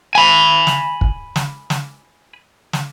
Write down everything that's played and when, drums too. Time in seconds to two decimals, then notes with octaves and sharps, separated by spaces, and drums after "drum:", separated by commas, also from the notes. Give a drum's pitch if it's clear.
0.15 G#5 B5
0.67 drum: snare
1.01 drum: kick
1.36 drum: snare
1.70 drum: snare
2.73 drum: snare